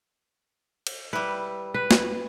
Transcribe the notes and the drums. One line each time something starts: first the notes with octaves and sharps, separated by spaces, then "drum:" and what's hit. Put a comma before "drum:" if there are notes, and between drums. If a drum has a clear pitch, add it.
drum: cymbal
G3 E4 B4
B4
drum: snare